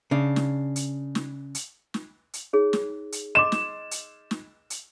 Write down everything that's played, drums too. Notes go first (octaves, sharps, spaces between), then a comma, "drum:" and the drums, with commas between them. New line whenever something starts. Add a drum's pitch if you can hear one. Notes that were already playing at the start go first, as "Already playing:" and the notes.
C#3 D4
drum: snare
drum: hi-hat
drum: snare
drum: hi-hat
drum: snare
drum: hi-hat
D#4 G#4 C#5
drum: snare
drum: hi-hat
D#5 C6 D6 E7
drum: snare
drum: hi-hat
drum: snare
drum: hi-hat